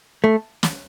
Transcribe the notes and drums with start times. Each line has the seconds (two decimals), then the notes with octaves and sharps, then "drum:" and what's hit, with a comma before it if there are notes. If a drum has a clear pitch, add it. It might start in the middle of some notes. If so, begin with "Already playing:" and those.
0.24 A3
0.63 drum: snare